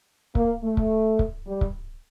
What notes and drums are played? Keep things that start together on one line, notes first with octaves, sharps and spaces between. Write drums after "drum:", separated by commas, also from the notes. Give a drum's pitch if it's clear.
A#3, drum: kick C#1
A3
drum: kick C#1
drum: kick C#1
G3
drum: kick C#1